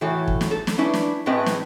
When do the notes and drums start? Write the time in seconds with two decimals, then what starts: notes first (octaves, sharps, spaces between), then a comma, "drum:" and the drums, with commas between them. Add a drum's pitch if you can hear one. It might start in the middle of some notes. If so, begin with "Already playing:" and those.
0.01 A2 E3 F#4 A4 C#5
0.28 drum: kick
0.41 drum: snare
0.51 A4
0.67 drum: snare
0.78 C#4 D4 E4 B4
0.94 drum: snare
1.26 A2 A3 C4 G#4 B4 D#5
1.46 drum: snare